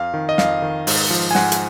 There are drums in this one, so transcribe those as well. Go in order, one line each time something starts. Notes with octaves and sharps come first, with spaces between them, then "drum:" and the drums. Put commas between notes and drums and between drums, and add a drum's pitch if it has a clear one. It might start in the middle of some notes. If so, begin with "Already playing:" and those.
Already playing: F2 F5
D#3
D#5
F2 F5, drum: snare
D#3
G#2, drum: open hi-hat
F3
G#5
G#2 F#5, drum: snare
drum: hi-hat